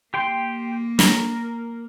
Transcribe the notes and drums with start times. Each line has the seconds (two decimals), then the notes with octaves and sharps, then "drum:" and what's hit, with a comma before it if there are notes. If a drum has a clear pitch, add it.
0.14 A#3 G4 G5 C6
0.99 A#4, drum: snare